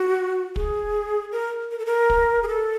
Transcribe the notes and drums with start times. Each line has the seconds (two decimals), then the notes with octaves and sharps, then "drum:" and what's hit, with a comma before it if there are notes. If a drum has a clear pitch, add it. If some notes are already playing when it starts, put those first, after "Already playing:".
Already playing: F#4
0.56 G#4, drum: kick
1.32 A#4
1.71 A#4
1.79 A4
1.86 A#4
2.10 drum: kick
2.43 G#4
2.48 A4